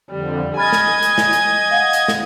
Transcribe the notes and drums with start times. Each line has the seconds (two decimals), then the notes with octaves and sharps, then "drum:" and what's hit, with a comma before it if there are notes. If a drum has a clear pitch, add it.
0.10 F2 D3 G3
0.57 D#5 G#5 B5 F6 G#6 A6
0.72 drum: snare
1.03 drum: hi-hat
1.18 drum: snare
1.33 drum: hi-hat
1.71 F5 F#5
1.93 drum: hi-hat
2.08 drum: snare